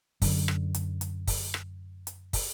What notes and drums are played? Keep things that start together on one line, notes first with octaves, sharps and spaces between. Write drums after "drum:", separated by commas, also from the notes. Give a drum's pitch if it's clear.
F#2 D3, drum: kick, open hi-hat
drum: rim click
drum: hi-hat
drum: hi-hat
drum: kick, open hi-hat
drum: rim click
drum: hi-hat
drum: kick, open hi-hat